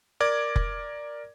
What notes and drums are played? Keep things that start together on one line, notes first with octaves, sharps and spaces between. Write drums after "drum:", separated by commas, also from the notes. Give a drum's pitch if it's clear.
A#4 D5 D6 G#6
drum: kick F1